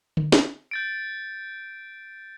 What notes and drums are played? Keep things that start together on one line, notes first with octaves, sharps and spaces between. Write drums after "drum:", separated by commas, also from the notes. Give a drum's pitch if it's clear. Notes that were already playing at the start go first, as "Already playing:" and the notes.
drum: tom D3
drum: snare
G6 A6 D7